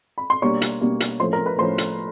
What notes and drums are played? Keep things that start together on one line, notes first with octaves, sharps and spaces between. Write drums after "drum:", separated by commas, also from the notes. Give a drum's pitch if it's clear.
B5
C6
B2 G3 A#3 D4 C#5 C#6
drum: hi-hat
B2 G3 A#3 D4
drum: hi-hat
A2 F3 A3 C#4 C5 C6
A#4 A#5
B4 B5
A2 F3 A3 C#4 C5 C6
drum: hi-hat